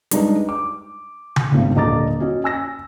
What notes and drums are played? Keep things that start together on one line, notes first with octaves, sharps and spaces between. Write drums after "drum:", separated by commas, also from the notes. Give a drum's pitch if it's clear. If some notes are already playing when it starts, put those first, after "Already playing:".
G3 G#3 D4 D#4 B4 D#5, drum: hi-hat
D6
drum: tom C#3
G#1 E2 A2 D3
D#1 D3 D#5 A#5 D6 A6
C#4 F#4 D#5
G#5 E6 A#6